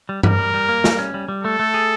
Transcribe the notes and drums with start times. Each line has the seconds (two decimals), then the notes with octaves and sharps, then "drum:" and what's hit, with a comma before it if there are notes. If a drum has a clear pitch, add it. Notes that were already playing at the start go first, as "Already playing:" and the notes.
0.09 G3
0.23 G3 A#4, drum: tom G2
0.39 G3
0.54 G3
0.69 A#3
0.84 G3, drum: snare
0.99 C#4
1.14 G3
1.28 G3
1.44 A3 A4
1.59 A3
1.74 G#4